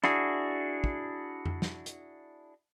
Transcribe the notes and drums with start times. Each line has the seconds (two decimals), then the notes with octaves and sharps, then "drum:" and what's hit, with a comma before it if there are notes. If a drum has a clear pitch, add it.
0.04 D4 E4 F#4 G#4, drum: rim click
0.84 drum: kick
1.46 drum: tom F2
1.62 drum: snare
1.86 drum: hi-hat